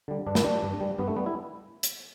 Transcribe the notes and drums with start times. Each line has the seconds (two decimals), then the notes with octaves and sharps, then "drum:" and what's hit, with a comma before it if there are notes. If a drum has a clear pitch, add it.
0.08 D3 G3
0.27 G2 D4
0.35 E4, drum: snare
0.44 G3 D4
0.63 G2
0.81 G3
0.98 G2 B3
1.07 A3
1.16 G3 B3
1.26 E4
1.83 drum: hi-hat